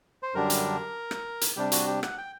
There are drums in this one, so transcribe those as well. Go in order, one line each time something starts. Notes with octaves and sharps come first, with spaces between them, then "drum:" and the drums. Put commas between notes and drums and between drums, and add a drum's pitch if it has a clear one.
C5
F#2 D3 G3 D4 A#4
drum: hi-hat
drum: rim click
drum: hi-hat
C3 G3 D4 G4
F#4, drum: hi-hat
G4
F#5, drum: rim click
G5